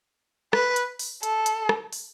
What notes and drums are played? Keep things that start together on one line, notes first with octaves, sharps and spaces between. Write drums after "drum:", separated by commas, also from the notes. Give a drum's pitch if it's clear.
B4, drum: rim click
drum: hi-hat
drum: open hi-hat
A4, drum: hi-hat
drum: hi-hat
drum: rim click
drum: open hi-hat